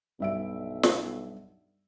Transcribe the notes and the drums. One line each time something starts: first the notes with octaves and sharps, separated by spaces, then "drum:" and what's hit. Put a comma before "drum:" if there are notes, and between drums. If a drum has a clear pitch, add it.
B1 G2 E5 D7
drum: snare